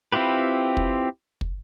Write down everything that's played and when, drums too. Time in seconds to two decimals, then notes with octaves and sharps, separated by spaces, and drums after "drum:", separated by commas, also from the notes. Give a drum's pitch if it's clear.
0.12 C4 E4 F4 G4 B4
0.77 drum: kick
1.41 drum: kick